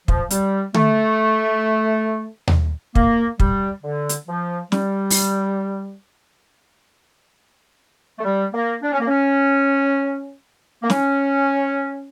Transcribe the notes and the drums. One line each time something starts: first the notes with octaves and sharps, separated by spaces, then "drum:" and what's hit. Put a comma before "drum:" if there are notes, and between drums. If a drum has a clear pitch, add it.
F3, drum: kick
G3, drum: hi-hat
A3, drum: tom D3
drum: tom D#2
A#3, drum: kick
G3, drum: kick
D3
drum: hi-hat
F3
G3, drum: snare
drum: open hi-hat
A3
G3
A#3
D4
C#4
A#3
C#4
A#3
C#4, drum: snare